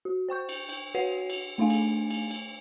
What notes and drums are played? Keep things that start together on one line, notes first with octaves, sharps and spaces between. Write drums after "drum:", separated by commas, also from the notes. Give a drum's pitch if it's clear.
F#4
C5 G5 C#6 G6
drum: cymbal
drum: cymbal
F#4 B4 C#5 F#5 C7 F7
drum: cymbal
A3 D4 D#4 F5 G#5
drum: cymbal
drum: cymbal
drum: cymbal